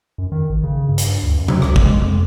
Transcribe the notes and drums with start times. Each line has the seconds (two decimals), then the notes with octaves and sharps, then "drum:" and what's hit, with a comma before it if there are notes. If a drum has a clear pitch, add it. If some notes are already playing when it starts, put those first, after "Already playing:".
0.18 F#2
0.32 D#3
0.50 A1
0.63 C#3
0.88 G2
0.98 drum: hi-hat
1.23 D2
1.37 F#2
1.48 F#3, drum: tom C3
1.62 C#2, drum: rim click
1.76 drum: kick
1.86 G#3
1.99 F2